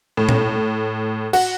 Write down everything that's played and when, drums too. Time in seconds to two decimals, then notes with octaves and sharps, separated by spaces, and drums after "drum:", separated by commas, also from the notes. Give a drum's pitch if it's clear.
0.17 A2
0.29 drum: tom A#2
1.33 F#4, drum: cymbal